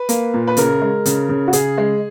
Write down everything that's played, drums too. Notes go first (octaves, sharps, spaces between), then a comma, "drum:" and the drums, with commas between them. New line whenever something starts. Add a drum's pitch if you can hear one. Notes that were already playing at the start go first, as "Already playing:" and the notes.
Already playing: B4
A#3, drum: hi-hat
A#2
B4
C#3 A#4, drum: hi-hat
G#3
C#3, drum: hi-hat
C#3
F#4
C#3 G#4, drum: hi-hat
G#3